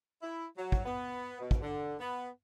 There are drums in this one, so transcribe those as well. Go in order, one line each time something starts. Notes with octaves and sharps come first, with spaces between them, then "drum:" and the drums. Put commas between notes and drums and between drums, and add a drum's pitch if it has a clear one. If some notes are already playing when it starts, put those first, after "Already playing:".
E4
F#3
drum: kick
B3
B2
drum: kick
D3
B3